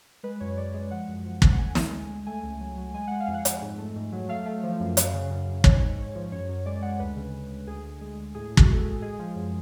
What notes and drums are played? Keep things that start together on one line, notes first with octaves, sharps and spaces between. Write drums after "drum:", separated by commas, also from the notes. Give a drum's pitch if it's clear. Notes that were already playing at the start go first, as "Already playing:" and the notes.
G#3 B4
F#2 C#5
F#2 D5
G#3 D5
F3 F#5
F#2
F3
F3, drum: kick
F#5
D2 G#5
G#3, drum: snare
D2
G#3
A3 G#5
C#2
F#3
F#3
G#3 G#5
G#3 F#5
F5
F2
F#5
F2, drum: hi-hat
G#2
A3
G#2
F#3
A3 F5
A3
F3
F#2
F#2, drum: hi-hat
C#3
F#2
F#2
G#2 C#5, drum: kick
G#2
G#2
F3
F#2 C#5
F#2
G#3 D5
G#3 F#5
D2 B4
C#3
D2
D2
D2 G#4
D2
G#3
D2
A2 G#4
A2
F#4, drum: kick
G#3 A4
G#4
A2
G#3 G#4
F3
F#2